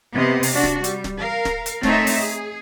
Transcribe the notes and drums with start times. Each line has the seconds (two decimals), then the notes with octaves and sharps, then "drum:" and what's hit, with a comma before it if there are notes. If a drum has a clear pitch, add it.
0.14 C3 B3 D#5
0.43 drum: open hi-hat
0.53 D4 F#4
0.63 drum: snare
0.84 G3, drum: hi-hat
1.04 drum: snare
1.21 A#4 F5
1.45 drum: snare
1.66 drum: hi-hat
1.83 A3 C4 D#4 A4 C#5 E5, drum: snare
2.07 drum: open hi-hat
2.21 G#4